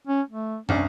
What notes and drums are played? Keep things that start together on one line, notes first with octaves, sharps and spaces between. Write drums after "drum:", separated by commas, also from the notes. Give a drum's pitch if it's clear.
C#4
A3
C2 G2 C#4, drum: tom